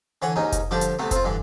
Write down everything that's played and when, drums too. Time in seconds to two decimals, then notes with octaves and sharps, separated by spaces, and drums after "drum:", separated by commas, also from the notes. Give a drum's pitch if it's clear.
0.22 D3 E3 C#5 F#5 G#5
0.36 D#2 G#2 C#4 D#4
0.52 drum: kick F1, hi-hat
0.71 D3 F3 G3 D4 G4
0.81 drum: hi-hat
0.99 C3 A3 B3
1.11 C4 F4, drum: kick F1, hi-hat
1.24 G2 D3 E3